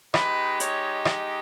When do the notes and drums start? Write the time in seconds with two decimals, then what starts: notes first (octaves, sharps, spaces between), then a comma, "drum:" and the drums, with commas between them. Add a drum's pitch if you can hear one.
0.14 G#3 D#4 G4 B4, drum: rim click
0.60 C#5, drum: hi-hat
1.05 drum: rim click